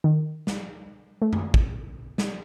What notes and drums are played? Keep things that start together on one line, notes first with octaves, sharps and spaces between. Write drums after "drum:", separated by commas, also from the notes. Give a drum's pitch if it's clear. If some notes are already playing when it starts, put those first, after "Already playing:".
D#3
drum: snare
A3
drum: tom F#2
drum: kick
drum: snare